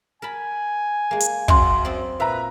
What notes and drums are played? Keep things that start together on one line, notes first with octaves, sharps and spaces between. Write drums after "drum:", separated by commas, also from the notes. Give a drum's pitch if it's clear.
A#4 G#5 A5 B5
G#3 A#3
drum: hi-hat
F#2 F#4 E5 F5 C6, drum: kick
C4 D5
A#2 B4 E5 A#5